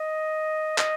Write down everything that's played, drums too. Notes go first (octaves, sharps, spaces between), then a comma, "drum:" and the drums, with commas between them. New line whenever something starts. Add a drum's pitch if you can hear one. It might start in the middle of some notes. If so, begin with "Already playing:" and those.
Already playing: D#5
D#5, drum: clap